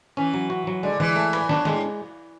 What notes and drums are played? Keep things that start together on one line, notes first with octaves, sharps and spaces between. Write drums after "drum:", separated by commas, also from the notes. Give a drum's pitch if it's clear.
E3 C#4
F#3
F#4
F#3
D3 G#3
E3 G#3, drum: tom D3
A3
B4, drum: cymbal
F#3 D4, drum: snare
A2 G#3, drum: snare